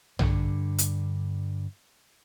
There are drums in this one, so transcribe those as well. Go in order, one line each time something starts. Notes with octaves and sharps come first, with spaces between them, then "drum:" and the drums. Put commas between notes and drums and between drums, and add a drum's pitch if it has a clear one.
G2 D3, drum: tom A#1
drum: hi-hat